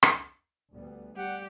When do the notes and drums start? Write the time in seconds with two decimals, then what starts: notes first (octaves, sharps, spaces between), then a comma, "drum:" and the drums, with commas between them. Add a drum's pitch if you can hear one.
0.03 drum: rim click
0.72 D2 G3 B3
1.17 G3 G4 F#5